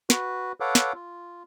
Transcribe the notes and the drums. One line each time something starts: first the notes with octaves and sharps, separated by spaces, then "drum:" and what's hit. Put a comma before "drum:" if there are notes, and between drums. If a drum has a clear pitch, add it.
F#4 B4, drum: snare
A4 B4 C#5 F5 F#5 D6
drum: snare
F4